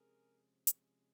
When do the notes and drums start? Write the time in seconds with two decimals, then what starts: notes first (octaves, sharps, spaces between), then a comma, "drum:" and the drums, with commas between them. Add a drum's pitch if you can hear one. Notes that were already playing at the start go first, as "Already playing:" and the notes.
Already playing: C3 F3 G#3 C#4 G#4 A#4
0.67 drum: hi-hat